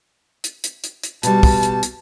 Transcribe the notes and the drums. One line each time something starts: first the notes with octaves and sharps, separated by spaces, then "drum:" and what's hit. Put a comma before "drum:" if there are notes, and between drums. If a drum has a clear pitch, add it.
drum: hi-hat
drum: hi-hat
drum: hi-hat
drum: hi-hat
B2 G3 A5, drum: hi-hat
drum: kick, open hi-hat
drum: hi-hat
drum: hi-hat